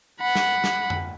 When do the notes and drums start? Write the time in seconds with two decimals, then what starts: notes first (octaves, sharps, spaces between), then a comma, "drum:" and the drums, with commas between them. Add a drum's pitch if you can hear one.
0.21 F#5 B5
0.35 drum: snare
0.64 drum: snare
0.90 drum: tom F2